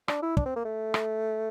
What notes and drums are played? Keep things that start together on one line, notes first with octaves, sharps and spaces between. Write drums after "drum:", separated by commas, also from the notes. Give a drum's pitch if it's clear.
D4, drum: rim click
E4
D4, drum: kick
C4
A#3
A3
drum: rim click